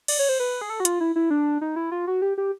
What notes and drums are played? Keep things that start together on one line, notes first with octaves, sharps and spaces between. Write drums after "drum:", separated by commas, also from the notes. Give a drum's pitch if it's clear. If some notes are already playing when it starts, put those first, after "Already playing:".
D5, drum: cymbal
C#5
C5
B4
G#4
A4
F#4
F4, drum: hi-hat
E4
E4
D4
D#4
E4
F4
F#4
G4
G4